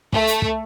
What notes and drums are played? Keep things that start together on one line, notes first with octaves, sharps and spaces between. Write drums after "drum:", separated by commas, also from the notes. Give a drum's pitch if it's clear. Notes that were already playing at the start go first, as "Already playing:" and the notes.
A3, drum: kick
drum: hi-hat
drum: kick